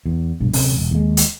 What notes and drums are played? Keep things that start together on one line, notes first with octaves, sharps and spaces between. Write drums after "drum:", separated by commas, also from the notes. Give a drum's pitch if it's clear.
E2
B1 G2
D1 C3 C#4, drum: open hi-hat
E1
D#2 G#3
drum: hi-hat